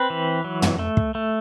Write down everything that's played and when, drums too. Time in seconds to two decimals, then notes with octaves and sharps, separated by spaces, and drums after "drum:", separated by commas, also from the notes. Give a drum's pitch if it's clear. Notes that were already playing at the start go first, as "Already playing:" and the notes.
Already playing: C4 B4
0.10 E3
0.44 F#3
0.62 drum: tom
0.79 A3
0.97 drum: kick
1.15 A3